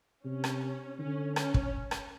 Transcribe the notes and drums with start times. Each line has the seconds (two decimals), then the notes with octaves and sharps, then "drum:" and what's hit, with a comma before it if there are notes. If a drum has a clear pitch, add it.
0.25 C3 C#4
0.44 drum: rim click
0.99 D3 C#4
1.36 C#4, drum: rim click
1.54 drum: kick
1.91 drum: rim click